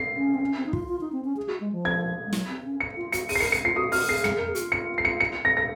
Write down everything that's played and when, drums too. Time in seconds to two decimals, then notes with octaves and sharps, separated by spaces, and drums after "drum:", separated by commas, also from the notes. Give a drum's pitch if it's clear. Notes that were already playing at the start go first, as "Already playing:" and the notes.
Already playing: C7
0.17 C#4
0.35 C4
0.41 C#4
0.57 C4
0.66 D#4
0.73 F4, drum: kick
0.88 F4
1.01 D#4
1.12 C4
1.25 C#4
1.37 G#4
1.48 F#4
1.60 G#3
1.72 F3
1.85 G#6
2.26 G#3
2.33 F#3, drum: snare
2.49 C4
2.64 C#4
2.80 C#7
2.97 F4
3.12 F#4 C#7, drum: hi-hat
3.29 G#4 D#7, drum: open hi-hat
3.36 C7
3.40 A#4 C#7
3.52 C#7
3.64 F4 C7
3.76 F#4 D#6
3.92 F#4 F6, drum: open hi-hat
4.09 G#4 C7
4.24 G#4 C#7, drum: tom
4.37 A#4
4.48 G#4
4.55 F#4, drum: hi-hat
4.60 F4
4.72 C#7
4.98 C7
5.05 C#7
5.20 C#7
5.45 A#6
5.57 A#6